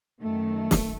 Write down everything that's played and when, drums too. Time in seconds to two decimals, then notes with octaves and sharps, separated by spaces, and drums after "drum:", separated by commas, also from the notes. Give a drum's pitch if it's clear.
0.21 F#2 D#3 A3
0.71 drum: snare